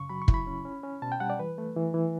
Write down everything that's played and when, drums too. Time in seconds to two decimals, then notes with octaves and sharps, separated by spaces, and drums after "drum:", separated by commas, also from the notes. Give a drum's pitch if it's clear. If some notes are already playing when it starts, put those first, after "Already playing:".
Already playing: F#2 C#3 C#6
0.09 F#3 B5
0.22 C#6
0.28 E4, drum: kick
0.34 B5
0.47 C#4
0.65 C#4
0.83 C#4
1.02 B2 A5
1.12 G5
1.20 G3 F#5
1.30 D5
1.39 E3 B4
1.58 A3
1.76 E3
1.94 E3